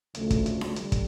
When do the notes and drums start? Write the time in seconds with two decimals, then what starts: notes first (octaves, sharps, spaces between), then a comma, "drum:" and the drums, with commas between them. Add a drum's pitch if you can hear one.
0.15 D2 C#3 F3 A3, drum: hi-hat
0.30 drum: kick, hi-hat
0.46 drum: hi-hat
0.61 drum: snare D4
0.76 D3 G3, drum: hi-hat
0.92 drum: kick, hi-hat